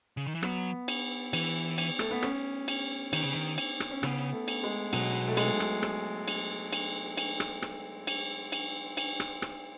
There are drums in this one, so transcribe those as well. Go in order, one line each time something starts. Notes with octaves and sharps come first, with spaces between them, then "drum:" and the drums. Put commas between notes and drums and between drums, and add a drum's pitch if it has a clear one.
C#3
D#3
E3
F#3 B3, drum: rim click
drum: cymbal
E3, drum: cymbal
drum: cymbal
A3, drum: rim click
B3
C#4, drum: rim click
drum: cymbal
D#3, drum: cymbal
C#3
D#3
drum: cymbal
drum: rim click
C#4
C#3 B3, drum: rim click
A3
drum: cymbal
G#3
B2 F#3, drum: cymbal
A3
G#3, drum: cymbal
drum: rim click
drum: rim click
drum: cymbal
drum: cymbal
drum: cymbal
drum: rim click
drum: rim click
drum: cymbal
drum: cymbal
drum: cymbal
drum: rim click
drum: rim click